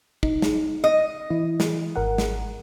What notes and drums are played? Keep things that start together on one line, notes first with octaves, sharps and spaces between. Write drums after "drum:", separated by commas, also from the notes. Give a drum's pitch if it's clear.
D#4, drum: kick
drum: snare
D#5
E3 E4
drum: snare
G#1 A#4 F#5
drum: snare